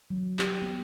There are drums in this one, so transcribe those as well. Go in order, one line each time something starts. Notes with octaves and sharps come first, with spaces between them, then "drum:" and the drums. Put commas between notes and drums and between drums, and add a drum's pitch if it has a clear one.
F#3
G4, drum: clap
B3